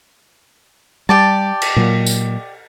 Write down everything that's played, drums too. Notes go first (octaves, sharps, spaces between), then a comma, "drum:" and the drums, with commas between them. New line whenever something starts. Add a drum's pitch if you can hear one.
G3 G4 D5 A5
drum: cymbal
A#2 F#3
drum: tambourine